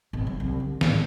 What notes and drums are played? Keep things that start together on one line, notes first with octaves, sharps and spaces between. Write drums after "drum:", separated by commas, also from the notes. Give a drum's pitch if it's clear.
G#1 B2
F#3
C2
D3
A1 G#2, drum: snare